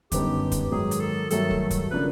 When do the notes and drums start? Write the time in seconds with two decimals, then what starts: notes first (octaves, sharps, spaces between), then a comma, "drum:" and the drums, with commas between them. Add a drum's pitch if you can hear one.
0.12 F#2 D3 G3 B3 D#4 G4, drum: kick, hi-hat
0.52 drum: kick, hi-hat
0.71 G#2 D#3 F#3 A#3 G#4
0.91 drum: hi-hat
1.01 A4
1.30 G2 D#3 F#3 A3 A4, drum: hi-hat
1.51 drum: kick
1.71 drum: kick, hi-hat
1.91 C#3 F3 A#3 D4 B4